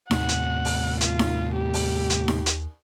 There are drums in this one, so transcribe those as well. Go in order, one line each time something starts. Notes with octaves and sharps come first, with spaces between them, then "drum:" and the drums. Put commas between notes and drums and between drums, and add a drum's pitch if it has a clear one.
D#2 A2 C3 F#5, drum: snare D#4
drum: hi-hat
drum: open hi-hat
F4, drum: hi-hat
drum: snare D#4
G4
drum: open hi-hat
drum: hi-hat
drum: snare D#4
drum: hi-hat